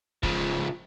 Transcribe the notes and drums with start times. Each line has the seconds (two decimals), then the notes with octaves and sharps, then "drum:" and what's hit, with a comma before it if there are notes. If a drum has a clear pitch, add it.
0.23 C#3 F3, drum: kick